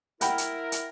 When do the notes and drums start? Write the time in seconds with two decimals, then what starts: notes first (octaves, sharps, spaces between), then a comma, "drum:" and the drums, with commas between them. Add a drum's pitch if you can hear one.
0.21 E4 A#4 F#5 G5 B5, drum: hi-hat
0.38 drum: hi-hat
0.72 drum: hi-hat